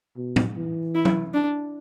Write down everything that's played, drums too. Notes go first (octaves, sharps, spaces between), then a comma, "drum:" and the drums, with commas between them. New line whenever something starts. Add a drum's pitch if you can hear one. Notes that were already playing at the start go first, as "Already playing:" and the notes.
B2
drum: tom
E3
E4
drum: tom
D4